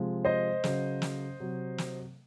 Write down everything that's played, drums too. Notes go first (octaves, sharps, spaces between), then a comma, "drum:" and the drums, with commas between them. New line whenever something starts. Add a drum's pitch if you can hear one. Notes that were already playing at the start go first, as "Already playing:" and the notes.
Already playing: C3 F3 G#3
C5 D#5
C#3 F#3, drum: snare
drum: snare
C3 F#3
drum: snare